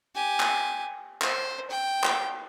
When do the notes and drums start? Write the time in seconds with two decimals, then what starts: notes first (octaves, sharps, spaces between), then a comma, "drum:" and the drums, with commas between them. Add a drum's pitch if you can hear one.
0.15 G4 G#5
0.40 drum: clap
1.22 C5, drum: clap
1.70 G5
2.03 drum: clap